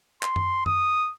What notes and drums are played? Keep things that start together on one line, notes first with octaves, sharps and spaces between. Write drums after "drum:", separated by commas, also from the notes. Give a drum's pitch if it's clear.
C6, drum: clap
drum: tom F#2
D#6, drum: tom F#2